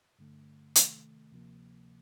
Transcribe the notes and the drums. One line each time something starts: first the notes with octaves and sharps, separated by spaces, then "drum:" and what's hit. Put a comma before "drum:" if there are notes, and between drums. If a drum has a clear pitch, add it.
G2 D3 A3
C3 D#3 A3, drum: hi-hat
D2 C3 F3 A#3